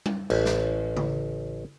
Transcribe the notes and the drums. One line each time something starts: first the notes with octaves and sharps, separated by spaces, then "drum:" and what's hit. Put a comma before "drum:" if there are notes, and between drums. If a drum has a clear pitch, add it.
drum: tom G3
A1, drum: cymbal
drum: snare
drum: tom C#3